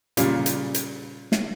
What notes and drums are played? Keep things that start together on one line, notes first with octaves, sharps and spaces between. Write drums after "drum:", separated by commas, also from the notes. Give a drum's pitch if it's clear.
A#2 C#3 G3 F4, drum: hi-hat
drum: hi-hat
drum: hi-hat
drum: snare